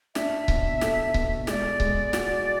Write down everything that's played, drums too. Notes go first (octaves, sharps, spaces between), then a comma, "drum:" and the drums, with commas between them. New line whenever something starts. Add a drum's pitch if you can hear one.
D4 E5, drum: snare
B2, drum: kick C#1
A4, drum: snare
B2, drum: kick C#1
G#3 D5 E5, drum: snare
G#3, drum: kick C#1
F#4, drum: snare